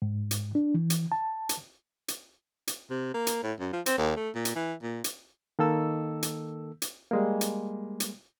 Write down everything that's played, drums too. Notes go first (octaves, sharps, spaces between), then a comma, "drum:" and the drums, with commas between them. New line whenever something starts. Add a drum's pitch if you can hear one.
G#2
drum: hi-hat
D4
E3
drum: hi-hat
A5
drum: hi-hat
drum: hi-hat
drum: hi-hat
C3
A#3
drum: hi-hat
A2
F#2
F3
C4, drum: hi-hat
D#2
A3
A#2
drum: hi-hat
E3
A#2
drum: hi-hat
D#3 A#3 A4 E6
drum: hi-hat
drum: hi-hat
G3 G#3 A#3
drum: hi-hat
drum: hi-hat